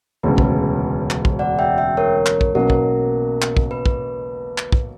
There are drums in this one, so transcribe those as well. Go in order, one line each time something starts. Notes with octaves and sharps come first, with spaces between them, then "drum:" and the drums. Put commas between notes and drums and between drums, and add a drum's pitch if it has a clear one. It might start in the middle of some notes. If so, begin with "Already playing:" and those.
E1 D2 C#3 B4
drum: kick
drum: clap
drum: kick
D5 F#5
E5 G5
E5 G5
A#4 C#5
drum: clap
drum: kick
B1 B2 A#3 C#4 F#4 A#4
drum: kick
drum: clap
drum: kick
B4
drum: kick
drum: clap
drum: kick